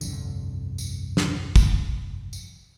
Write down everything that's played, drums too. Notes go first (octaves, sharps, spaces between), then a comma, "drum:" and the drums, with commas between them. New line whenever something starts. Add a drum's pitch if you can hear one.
G1 C2 F2 D3, drum: tambourine
drum: tambourine
drum: snare
drum: kick, tambourine
drum: tambourine